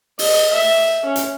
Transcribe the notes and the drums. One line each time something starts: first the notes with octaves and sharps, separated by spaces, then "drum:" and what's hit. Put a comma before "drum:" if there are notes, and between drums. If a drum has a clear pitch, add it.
D#5, drum: open hi-hat
E5
C#4
drum: hi-hat